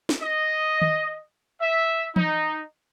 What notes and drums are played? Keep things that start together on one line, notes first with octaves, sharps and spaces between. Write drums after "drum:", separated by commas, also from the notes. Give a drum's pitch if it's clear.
drum: snare
D#5
drum: tom D#3
E5
D#4, drum: tom E3